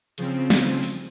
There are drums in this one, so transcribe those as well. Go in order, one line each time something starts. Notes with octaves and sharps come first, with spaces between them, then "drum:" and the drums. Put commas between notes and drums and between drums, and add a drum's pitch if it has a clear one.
C#3 F3 C4, drum: hi-hat
drum: snare
drum: open hi-hat